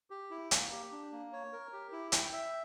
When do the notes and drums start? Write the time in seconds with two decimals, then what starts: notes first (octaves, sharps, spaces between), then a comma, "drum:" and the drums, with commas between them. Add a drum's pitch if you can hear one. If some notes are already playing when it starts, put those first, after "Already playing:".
0.10 G4
0.31 E4
0.51 A#3, drum: hi-hat
0.72 G4
0.92 D4
1.12 A#3
1.33 C#5
1.53 A#4
1.73 G4
1.92 E4
2.12 G5, drum: hi-hat
2.33 E5